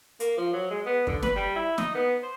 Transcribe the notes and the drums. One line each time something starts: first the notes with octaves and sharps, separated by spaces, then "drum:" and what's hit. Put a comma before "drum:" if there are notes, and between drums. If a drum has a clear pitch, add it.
A#3, drum: hi-hat
F3
F#3
G#3
B3
D3, drum: kick
B4, drum: snare
G3
E4
D#4, drum: snare
B3
C5